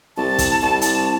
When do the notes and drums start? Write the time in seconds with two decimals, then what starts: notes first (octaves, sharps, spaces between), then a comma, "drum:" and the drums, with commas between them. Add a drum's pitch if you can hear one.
0.17 C2 A5
0.38 drum: kick, hi-hat
0.62 C2 A5
0.81 drum: hi-hat